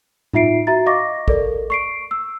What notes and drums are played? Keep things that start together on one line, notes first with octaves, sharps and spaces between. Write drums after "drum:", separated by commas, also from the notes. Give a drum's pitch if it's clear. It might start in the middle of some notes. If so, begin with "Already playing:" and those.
D#4 F4 E5 C7 D7, drum: tom A2
F#4 E5 A#5 A6
D#5 F5 C#6 D6 A#6
A4 A#4 D5, drum: kick
C#6 C7 D7
E6